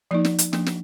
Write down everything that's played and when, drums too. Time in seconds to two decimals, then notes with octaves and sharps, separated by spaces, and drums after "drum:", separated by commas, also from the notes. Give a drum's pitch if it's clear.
0.11 F3 A#3 D#4 D5
0.25 drum: snare
0.39 drum: hi-hat
0.53 F3 A#3 D4, drum: snare
0.66 drum: snare